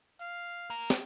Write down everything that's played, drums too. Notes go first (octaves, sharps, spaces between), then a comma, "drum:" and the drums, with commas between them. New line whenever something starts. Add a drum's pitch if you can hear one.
F5
A#3 A#4
drum: snare